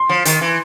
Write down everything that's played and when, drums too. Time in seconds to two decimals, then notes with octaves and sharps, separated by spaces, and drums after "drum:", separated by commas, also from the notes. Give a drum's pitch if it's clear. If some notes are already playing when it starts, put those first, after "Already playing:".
Already playing: C6
0.09 F3
0.25 D#3, drum: hi-hat
0.41 E3